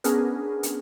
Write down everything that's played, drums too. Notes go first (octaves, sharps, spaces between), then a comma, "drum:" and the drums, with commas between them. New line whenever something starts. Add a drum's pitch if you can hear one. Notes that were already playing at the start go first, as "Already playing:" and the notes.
B3 C#4 D4 G#4 A#4 B4, drum: hi-hat
drum: hi-hat